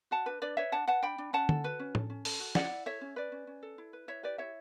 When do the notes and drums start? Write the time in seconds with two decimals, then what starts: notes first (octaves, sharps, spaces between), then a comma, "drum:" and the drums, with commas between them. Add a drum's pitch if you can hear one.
0.11 F#4 F#5 A5
0.26 D4 B4
0.42 D4 B4 D5
0.57 B4 C#5 E5
0.72 D4 F#5 A5
0.88 B4 F#5 A5
1.03 D4 G5 B5
1.18 D4
1.33 C#4 F#5 A5
1.49 A4, drum: tom
1.64 F#4 B4
1.79 C#4
1.95 A4, drum: tom A2
2.10 C#4
2.25 A4, drum: open hi-hat
2.40 F#4
2.55 E4 D5 F#5, drum: snare
2.71 E4
2.86 A4 C#5 E5
3.01 C#4
3.16 C#4 B4 D5
3.32 C#4
3.47 C#4
3.63 A4
3.78 E4
3.93 B4
4.08 E4 C#5 E5
4.23 G4 B4 D5
4.38 E4 C#5 E5